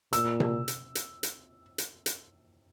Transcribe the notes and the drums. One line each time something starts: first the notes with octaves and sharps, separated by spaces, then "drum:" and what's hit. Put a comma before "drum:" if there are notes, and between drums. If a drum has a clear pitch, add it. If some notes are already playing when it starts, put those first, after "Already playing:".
A#2 E6, drum: hi-hat
drum: tom C3
drum: hi-hat
drum: hi-hat
drum: hi-hat
drum: hi-hat
drum: hi-hat